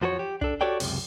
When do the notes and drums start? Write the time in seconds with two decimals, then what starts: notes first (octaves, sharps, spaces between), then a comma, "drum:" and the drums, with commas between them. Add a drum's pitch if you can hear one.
0.02 F2 F3 F#4 A#4 C#5
0.19 G4
0.41 D4 A4, drum: kick
0.61 F#4 G4 A4 C#5 D5 G5
0.80 C#2 F#2 C3, drum: open hi-hat